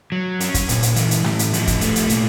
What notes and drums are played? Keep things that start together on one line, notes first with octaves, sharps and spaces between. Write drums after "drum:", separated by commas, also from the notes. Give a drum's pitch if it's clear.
F#3
C#4, drum: hi-hat
drum: kick, hi-hat
A#2, drum: hi-hat
drum: hi-hat
E3, drum: hi-hat
drum: hi-hat
A2, drum: snare
drum: hi-hat
F3, drum: hi-hat
drum: kick, hi-hat
A3, drum: hi-hat
drum: hi-hat
A#2, drum: hi-hat